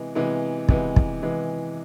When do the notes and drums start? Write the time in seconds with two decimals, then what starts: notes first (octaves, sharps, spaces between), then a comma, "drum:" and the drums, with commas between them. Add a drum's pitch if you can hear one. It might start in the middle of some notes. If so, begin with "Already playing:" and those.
Already playing: C3 E3 G#3 B3
0.15 C3 E3 G#3 B3
0.69 C3 E3 G#3 B3, drum: kick
0.96 drum: kick
1.23 C3 E3 G#3 B3